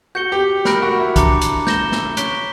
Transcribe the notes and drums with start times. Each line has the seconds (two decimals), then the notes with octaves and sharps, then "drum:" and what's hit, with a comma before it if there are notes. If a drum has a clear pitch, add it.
0.15 F#4 G6 C#7 G7
0.32 G4
0.65 A#4 B5 F#6 A#6 D7, drum: snare
0.82 F#4
0.99 E4
1.16 D4 A#5 D6 F#6 C#7, drum: kick, hi-hat
1.42 drum: hi-hat
1.67 G6 A#6 E7 G7, drum: snare
1.92 drum: snare
2.17 C#4 F#6 B6 D7 G7, drum: hi-hat